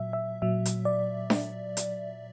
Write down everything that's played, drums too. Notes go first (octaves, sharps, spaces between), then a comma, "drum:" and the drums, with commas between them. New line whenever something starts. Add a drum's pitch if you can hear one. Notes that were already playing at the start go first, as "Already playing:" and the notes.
Already playing: A#2 F#3 E5
E5
A#2 F#3 E5
drum: hi-hat
D5
drum: snare D4
drum: hi-hat